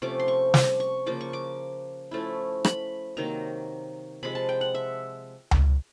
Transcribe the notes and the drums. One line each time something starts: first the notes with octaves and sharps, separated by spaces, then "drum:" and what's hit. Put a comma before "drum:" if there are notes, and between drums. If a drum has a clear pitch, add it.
C3 F3 A3 C#4 D6
C6
C#6
D6, drum: snare
C#6
C#3 F3 A#3 D6
C#6
D6
F3 A3 C#4 E4
B5, drum: rim click
C3 D#3 F#3 A#3 A#5
C3 F3 G#3 B5
A5
G5
F#5
E5
drum: tom C#2